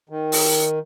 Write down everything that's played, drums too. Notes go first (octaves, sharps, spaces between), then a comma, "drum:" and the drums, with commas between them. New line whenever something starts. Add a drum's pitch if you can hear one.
D#3
drum: open hi-hat